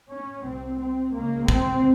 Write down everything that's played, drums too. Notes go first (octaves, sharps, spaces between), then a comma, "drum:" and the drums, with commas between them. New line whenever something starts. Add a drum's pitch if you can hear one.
C#4
C2 C3 C4
C4
C#2 C#3 A#3
C4, drum: kick